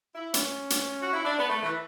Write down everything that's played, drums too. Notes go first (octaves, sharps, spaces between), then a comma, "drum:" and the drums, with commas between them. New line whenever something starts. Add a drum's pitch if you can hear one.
E4
C#4, drum: hi-hat
drum: hi-hat
F#4
E4
D4
B3
A3
E3